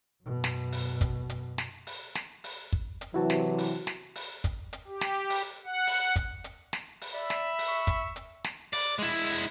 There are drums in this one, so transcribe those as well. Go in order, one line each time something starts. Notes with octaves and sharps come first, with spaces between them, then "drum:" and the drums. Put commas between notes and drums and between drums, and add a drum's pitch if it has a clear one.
F#2 B2
drum: snare
drum: open hi-hat
drum: kick, hi-hat
drum: hi-hat
drum: snare
drum: open hi-hat
drum: snare
drum: open hi-hat
drum: kick
drum: hi-hat
C3 E3 F#3 E4 F#4 A5
drum: snare
drum: open hi-hat
drum: snare
drum: open hi-hat
drum: kick, hi-hat
drum: hi-hat
G4
drum: snare
drum: open hi-hat
F#5
drum: open hi-hat
drum: kick, hi-hat
drum: hi-hat
drum: snare
drum: open hi-hat
D5 E5 B5
drum: snare
drum: open hi-hat
C#6
drum: kick, hi-hat
drum: hi-hat
drum: snare
D5, drum: open hi-hat
G#3 E4
drum: open hi-hat